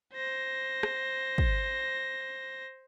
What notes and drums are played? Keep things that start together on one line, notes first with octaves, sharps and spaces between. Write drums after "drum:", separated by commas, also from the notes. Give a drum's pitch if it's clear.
C5 A#6
drum: rim click
drum: kick